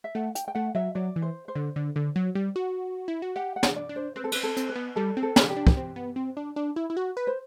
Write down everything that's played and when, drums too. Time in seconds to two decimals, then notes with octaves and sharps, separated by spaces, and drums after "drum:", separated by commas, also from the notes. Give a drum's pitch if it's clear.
0.04 E5
0.15 A3 F#5
0.35 G5, drum: hi-hat
0.48 G5
0.55 A3 F#5
0.75 F#3 E5
0.95 F#3 D5
1.16 E3
1.22 C5
1.48 C5
1.55 D3
1.76 D3
1.96 D3
2.16 F#3
2.35 G3
2.56 F#4
3.08 E4
3.22 F#4
3.36 G4 F#5
3.56 F#5
3.63 D4, drum: snare
3.76 D5
3.89 D4
3.96 C5
4.16 C4 B4
4.24 A4
4.32 C4 B4, drum: cymbal
4.43 A4
4.57 C4, drum: hi-hat
4.69 B4
4.76 B3
4.96 G3 A4
5.17 C4
5.23 A4
5.36 D4, drum: snare
5.49 G4
5.57 D4
5.67 drum: kick
5.77 C4
5.96 B3
6.16 C4
6.37 D4
6.56 D4
6.76 E4
6.90 E4
6.97 F#4
7.17 B4
7.27 C5